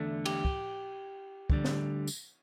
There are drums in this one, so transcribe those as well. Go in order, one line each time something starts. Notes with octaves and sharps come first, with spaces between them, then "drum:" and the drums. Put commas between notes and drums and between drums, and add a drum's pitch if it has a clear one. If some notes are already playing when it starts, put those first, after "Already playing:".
Already playing: E2 D3 A3
G4, drum: cymbal
drum: kick
D2 D3 G3, drum: kick
drum: snare
drum: tambourine